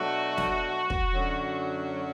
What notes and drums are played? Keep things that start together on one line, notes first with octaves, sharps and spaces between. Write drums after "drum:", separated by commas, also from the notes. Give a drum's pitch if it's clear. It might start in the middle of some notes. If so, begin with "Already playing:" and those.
Already playing: B2 F#3 A3 D4 F#4
drum: snare
drum: kick
F#2 D3 F#3